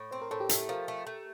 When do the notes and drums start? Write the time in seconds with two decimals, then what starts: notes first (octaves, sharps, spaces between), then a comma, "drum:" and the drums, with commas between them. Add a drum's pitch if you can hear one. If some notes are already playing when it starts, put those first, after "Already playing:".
Already playing: A2
0.11 C4 C5
0.22 A#4
0.31 A2 A4
0.40 G4
0.49 A3 A4, drum: hi-hat
0.69 F3 A#4
0.88 A3
1.07 A3